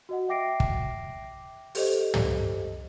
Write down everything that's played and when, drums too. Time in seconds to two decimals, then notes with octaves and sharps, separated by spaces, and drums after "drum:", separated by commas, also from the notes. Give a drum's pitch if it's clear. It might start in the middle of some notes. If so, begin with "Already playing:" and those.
0.09 F#4 D#5 F#5
0.29 E5 G5 D6 A#6 C7 D7
0.60 drum: kick
1.75 G4 A4 C5 D#5, drum: open hi-hat
2.14 drum: tom